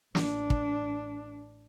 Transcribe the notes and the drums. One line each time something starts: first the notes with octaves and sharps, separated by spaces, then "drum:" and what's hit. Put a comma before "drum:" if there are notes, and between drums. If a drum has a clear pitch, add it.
A1 D4, drum: snare
drum: kick